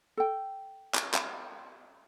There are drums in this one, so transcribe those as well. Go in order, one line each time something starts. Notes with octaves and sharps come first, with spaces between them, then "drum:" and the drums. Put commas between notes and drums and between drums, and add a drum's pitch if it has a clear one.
A4 G5
drum: clap
drum: clap